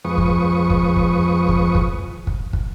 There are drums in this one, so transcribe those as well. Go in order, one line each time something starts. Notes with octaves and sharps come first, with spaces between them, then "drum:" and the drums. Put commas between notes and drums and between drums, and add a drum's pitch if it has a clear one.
F2 F3 G#3 B4 C#6 D#6
drum: kick
drum: kick
drum: kick
drum: kick
drum: kick
drum: kick
drum: kick